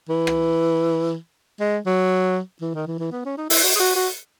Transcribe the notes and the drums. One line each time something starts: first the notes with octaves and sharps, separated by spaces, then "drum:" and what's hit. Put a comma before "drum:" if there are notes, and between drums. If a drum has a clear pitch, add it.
E3
drum: rim click
G#3
F#3
E3
D#3
E3
E3
B3
C#4
D#4
E4, drum: open hi-hat
F#4
G#4
F#4
F#4